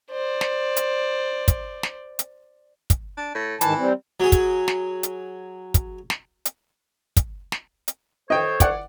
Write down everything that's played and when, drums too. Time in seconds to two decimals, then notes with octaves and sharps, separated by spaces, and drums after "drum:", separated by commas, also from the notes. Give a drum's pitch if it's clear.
0.11 C5 D5
0.41 drum: snare
0.77 drum: hi-hat
1.48 drum: kick, hi-hat
1.83 drum: snare
2.19 drum: hi-hat
2.90 drum: kick, hi-hat
3.17 D4
3.35 A2
3.61 G#2 D#3 E3 A5, drum: hi-hat
3.78 G3 C4
4.20 F#3 G#4
4.32 drum: kick, hi-hat
4.68 drum: snare
5.03 drum: hi-hat
5.74 drum: kick, hi-hat
6.10 drum: snare
6.45 drum: hi-hat
7.17 drum: kick, hi-hat
7.52 drum: snare
7.88 drum: hi-hat
8.30 A4 C5 C#5 D#5 G5
8.60 D5 F#5, drum: kick, hi-hat